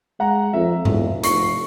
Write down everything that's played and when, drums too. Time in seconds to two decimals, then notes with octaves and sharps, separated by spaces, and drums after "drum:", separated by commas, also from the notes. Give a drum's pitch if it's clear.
0.20 G#3 F#5 A#5
0.53 F2 E5
0.85 E1, drum: tom G2
1.23 F1 C#6 C7, drum: hi-hat